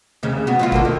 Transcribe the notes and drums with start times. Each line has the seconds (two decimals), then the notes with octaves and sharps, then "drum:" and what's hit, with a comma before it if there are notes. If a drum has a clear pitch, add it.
0.23 D#2 C#3 C#4
0.47 B3 F#4
0.59 F#3 E4 F4
0.72 D3 A#3 D4, drum: kick G#1
0.85 D#3